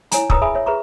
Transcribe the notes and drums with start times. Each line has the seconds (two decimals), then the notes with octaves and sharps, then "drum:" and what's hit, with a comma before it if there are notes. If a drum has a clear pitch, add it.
0.12 E4 C#5 G#5 A#5, drum: hi-hat
0.30 B4 C#5 A#5 D#6 E6, drum: kick
0.42 G#4 E5 G#5 B5 D#6
0.55 C#5 E5
0.66 G#4 B4 E5 A#5 C#6